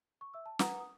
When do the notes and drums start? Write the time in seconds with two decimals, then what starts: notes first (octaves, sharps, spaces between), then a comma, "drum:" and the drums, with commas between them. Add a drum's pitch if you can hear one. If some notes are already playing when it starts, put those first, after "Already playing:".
0.21 C#6
0.34 E5 E6
0.46 A5
0.59 B4 F#5 A#5 D#6, drum: snare
0.80 D#6